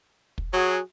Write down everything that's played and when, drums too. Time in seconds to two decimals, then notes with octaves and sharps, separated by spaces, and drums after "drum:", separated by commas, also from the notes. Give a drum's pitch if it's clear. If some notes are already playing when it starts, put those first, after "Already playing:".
0.38 drum: kick
0.53 F#3 F#4 G#4